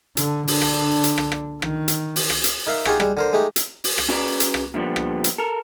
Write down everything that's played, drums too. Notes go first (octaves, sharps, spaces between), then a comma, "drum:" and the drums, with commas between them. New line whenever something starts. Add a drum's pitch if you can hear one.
D3, drum: hi-hat
D3 D4, drum: open hi-hat
drum: rim click
drum: hi-hat
drum: rim click
drum: rim click
D#3, drum: rim click
drum: hi-hat
drum: open hi-hat
drum: rim click
drum: hi-hat
D#4 A#4 E5 F5
D#4 F4 G4 G#4 F#5 C#6, drum: rim click
G3 G#3, drum: rim click
D3 A#4 C5
G#3 A3 D#4 G4
drum: hi-hat
drum: open hi-hat
drum: rim click
C#4 F#4 G#4 B4 D5 A#5
drum: hi-hat
drum: rim click
A#2 D3 F3 G3 B3
drum: rim click
drum: hi-hat
A4 A#4